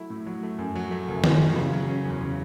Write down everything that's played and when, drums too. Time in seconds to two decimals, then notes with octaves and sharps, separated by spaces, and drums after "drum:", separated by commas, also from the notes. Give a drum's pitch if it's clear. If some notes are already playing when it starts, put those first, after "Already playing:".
Already playing: F#3 A3 E4
0.10 A2
0.26 F#3
0.43 A3
0.58 F#2
0.75 F#3
0.91 A3
1.08 F#1
1.24 F#2, drum: tom D#3
1.40 F#3
1.56 C#3
1.73 F#3
1.88 C#4
2.05 E2
2.21 C#3